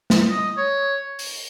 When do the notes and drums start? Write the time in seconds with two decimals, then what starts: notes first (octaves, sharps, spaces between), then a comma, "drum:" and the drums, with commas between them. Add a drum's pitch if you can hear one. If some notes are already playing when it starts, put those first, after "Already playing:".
0.10 drum: snare
0.30 D#5
0.57 C#5
1.19 drum: open hi-hat